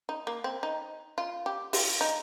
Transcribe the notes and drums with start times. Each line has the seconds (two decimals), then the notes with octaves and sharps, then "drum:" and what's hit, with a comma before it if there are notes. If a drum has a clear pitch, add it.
0.09 D#4
0.27 A#3
0.44 C4
0.63 D#4
1.18 F4
1.46 G4
1.73 F4, drum: open hi-hat
2.01 D#4